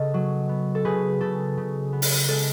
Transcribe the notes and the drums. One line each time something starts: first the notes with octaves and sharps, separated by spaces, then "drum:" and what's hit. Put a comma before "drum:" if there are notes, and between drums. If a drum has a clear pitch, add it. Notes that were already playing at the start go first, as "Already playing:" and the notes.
Already playing: C#3 B3 A4 D#5
F#3
B3
A4
C#3 G#4 B4
C#3 A4
C#3
B3
drum: open hi-hat
G#3 A4